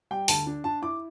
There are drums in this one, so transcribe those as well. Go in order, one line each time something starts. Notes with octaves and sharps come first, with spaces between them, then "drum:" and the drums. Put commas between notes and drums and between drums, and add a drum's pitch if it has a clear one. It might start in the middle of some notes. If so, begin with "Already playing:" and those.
G3 G5
D2 A5, drum: open hi-hat
D4
D4 A5
E4 D6